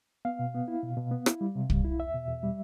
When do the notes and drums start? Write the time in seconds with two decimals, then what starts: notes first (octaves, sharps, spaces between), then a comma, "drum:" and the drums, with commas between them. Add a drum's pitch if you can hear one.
0.25 B3 F5
0.39 B2
0.54 B3
0.68 E4
0.83 B2
0.97 B2
1.11 B3
1.26 E4, drum: rim click
1.41 G3
1.55 C3
1.70 G3, drum: kick
1.84 E4
1.99 E2 E5
2.14 B2
2.28 E2
2.43 G3